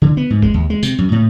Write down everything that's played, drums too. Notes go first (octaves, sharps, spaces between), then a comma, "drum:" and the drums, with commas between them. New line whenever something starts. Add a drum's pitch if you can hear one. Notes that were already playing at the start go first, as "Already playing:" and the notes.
D3
B3
G#2
G#3, drum: kick F#1
D#2
G#3
C3, drum: tambourine
F#2
A2